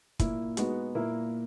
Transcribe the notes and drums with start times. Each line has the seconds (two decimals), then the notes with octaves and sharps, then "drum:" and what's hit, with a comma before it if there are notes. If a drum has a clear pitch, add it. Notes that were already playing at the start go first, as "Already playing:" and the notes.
0.19 A#2 A#3 E4, drum: kick, hi-hat
0.57 G#3 B3 D#4 F#4, drum: hi-hat
0.95 A#2 A#3 E4 A#4